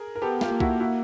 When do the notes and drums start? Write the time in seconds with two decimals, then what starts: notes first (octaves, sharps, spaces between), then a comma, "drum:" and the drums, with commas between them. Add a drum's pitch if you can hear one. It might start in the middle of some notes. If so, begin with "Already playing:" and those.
Already playing: G#4 A#4
0.15 A#4
0.22 B3 G4 A4
0.41 F4 G4, drum: snare
0.51 A#3
0.60 E4 F#4, drum: kick C2
0.80 E4 F#4